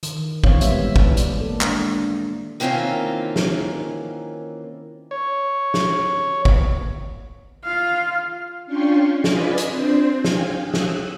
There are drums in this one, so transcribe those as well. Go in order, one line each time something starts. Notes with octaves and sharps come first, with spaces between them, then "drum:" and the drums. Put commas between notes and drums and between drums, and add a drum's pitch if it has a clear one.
D#3, drum: hi-hat
E3 C4 C5 C#5 F5, drum: kick
A#2 G3 G#3 B3 E5, drum: hi-hat
drum: kick
D5, drum: hi-hat
A#3 A4
G#3 D4, drum: clap
D#3 E3 A#3 C4 C#4 F4
drum: snare
C#5
drum: snare
drum: kick
F4 F5
C#4 D4 F4 G5 C6 C#6
F4 B4 D5 D#5 G#5 B6, drum: snare
drum: hi-hat
C4 D4 C5
F5 G5 G#5, drum: snare
D#6 E6 F#6
drum: snare